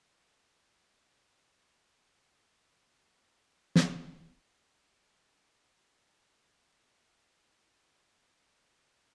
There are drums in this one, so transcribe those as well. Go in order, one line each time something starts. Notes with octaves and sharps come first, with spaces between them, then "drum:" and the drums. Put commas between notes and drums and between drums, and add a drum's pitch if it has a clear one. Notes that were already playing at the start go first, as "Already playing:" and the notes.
G#5 A5
G4 A4 C5 C#5 D#5 A5
drum: snare
G#5 C6
A#1
D#3
G#4
G#2
F#4
D#3
C5
D#5
A5
G#6